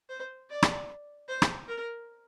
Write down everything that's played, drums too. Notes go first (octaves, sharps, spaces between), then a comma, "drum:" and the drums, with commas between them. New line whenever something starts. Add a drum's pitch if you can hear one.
C5
D5
drum: rim click
C5
drum: rim click
A#4